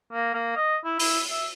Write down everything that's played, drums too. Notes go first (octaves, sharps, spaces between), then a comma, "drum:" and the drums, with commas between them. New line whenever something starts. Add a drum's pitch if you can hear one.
A#3
A#3
D#5
E4
E4, drum: open hi-hat
E5